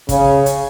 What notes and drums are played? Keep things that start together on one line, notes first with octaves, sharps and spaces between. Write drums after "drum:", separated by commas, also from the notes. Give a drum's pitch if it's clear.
C#3, drum: kick, hi-hat
drum: hi-hat